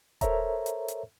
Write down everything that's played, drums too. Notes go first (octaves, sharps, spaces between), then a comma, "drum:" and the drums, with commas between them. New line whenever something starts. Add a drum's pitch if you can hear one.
A4 A#4 C5 C#5 E5 A#5, drum: kick D#1, hi-hat
drum: hi-hat
drum: hi-hat